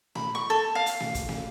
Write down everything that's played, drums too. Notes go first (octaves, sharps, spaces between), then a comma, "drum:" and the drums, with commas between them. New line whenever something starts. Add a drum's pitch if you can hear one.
B5, drum: snare
C#6
A4
F5
drum: hi-hat
drum: snare
drum: kick, hi-hat
drum: snare